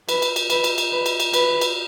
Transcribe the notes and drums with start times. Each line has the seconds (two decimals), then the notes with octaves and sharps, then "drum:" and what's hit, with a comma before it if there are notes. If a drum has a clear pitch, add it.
0.09 B4, drum: cymbal
0.22 drum: cymbal
0.36 drum: cymbal
0.50 B4, drum: cymbal
0.64 drum: cymbal
0.78 drum: cymbal
0.92 B4
1.06 drum: cymbal
1.20 drum: cymbal
1.34 B4, drum: cymbal
1.61 drum: cymbal